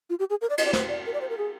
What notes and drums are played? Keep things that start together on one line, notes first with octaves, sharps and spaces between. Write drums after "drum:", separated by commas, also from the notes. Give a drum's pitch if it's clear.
F4
G4
G#4
A#4
D5
D#5, drum: cymbal
D5
C5, drum: snare
D5
A#4
D5
C5
A#4
G#4